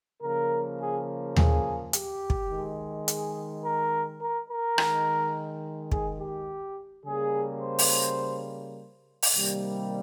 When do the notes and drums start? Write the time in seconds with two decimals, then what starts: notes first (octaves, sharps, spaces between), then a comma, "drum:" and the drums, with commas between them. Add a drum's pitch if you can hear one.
0.22 C#3 F3 A#3 A#4
0.80 G#4
1.36 G#4, drum: tom D#2
1.93 G4, drum: hi-hat
2.30 drum: kick
2.50 D#3 G#3
3.08 G#4, drum: hi-hat
3.65 A#4
4.21 A#4
4.49 A#4
4.78 D#3 G#3, drum: rim click
5.92 G#4, drum: kick
6.20 G4
7.05 C#3 G3 A#3 G#4
7.62 C5
7.79 drum: open hi-hat
9.22 drum: open hi-hat
9.33 C3 D#3 G3 A#3